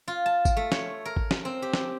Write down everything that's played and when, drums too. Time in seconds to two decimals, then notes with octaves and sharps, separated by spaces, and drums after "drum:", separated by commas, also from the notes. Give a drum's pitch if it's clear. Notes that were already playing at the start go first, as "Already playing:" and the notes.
0.08 F4
0.26 A5
0.45 drum: kick G#1, tambourine
0.57 A3
0.72 C#5, drum: snare
1.05 A#4
1.17 drum: kick G#1
1.31 drum: snare
1.45 C4
1.62 G4
1.74 drum: snare